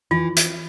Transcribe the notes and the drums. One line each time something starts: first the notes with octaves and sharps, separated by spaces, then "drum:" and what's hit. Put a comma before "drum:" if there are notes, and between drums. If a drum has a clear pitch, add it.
E3 F4
drum: hi-hat